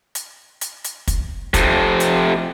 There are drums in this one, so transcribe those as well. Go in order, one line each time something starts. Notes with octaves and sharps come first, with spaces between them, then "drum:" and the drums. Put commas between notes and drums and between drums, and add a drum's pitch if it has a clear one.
drum: hi-hat
drum: hi-hat
drum: hi-hat
drum: kick, hi-hat
F2 C3, drum: kick, hi-hat
drum: hi-hat